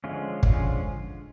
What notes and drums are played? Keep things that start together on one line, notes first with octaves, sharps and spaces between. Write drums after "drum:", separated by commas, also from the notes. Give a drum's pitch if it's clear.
D3 F3 G#3 C#4 F4
D3 F3 G#3 C#4 F4, drum: kick